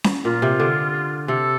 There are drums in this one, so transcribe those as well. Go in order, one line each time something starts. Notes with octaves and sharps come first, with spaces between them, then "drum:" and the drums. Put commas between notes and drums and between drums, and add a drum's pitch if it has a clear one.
drum: snare C#4
A#2 F4
C3
D3
C3 A4